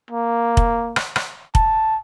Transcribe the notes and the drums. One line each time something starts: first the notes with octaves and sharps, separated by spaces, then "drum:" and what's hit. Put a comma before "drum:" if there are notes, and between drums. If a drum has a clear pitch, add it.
A#3
drum: kick
drum: rim click
drum: rim click
A5, drum: kick